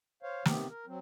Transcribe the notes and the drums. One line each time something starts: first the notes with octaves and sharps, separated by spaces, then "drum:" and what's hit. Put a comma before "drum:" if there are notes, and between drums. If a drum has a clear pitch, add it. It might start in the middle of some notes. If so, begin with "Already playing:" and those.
C5 C#5 F5
C3 D#3 B3 C4 G4, drum: snare
A#4
F#3 C4